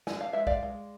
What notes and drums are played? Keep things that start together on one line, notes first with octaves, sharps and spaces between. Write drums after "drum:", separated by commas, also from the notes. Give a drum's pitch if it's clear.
D4 G#5, drum: snare
F5
G#3 E5
D5 F5, drum: kick B1
G#3